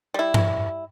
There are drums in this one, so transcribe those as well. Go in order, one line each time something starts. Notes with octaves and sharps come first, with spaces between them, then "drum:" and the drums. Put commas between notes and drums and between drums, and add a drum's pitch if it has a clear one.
G3 E4
drum: tom G2